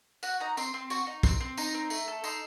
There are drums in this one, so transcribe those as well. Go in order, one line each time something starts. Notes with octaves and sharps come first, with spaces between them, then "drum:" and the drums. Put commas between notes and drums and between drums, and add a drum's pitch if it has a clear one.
F#4 F#5, drum: tambourine
D#4 A#5
C4 C6, drum: tambourine
C4
F#4 C#6, drum: tambourine
D#4
C4, drum: kick, tambourine
C4
D#4 A#5, drum: tambourine
C4
A3, drum: tambourine
A4
D#4 C6, drum: tambourine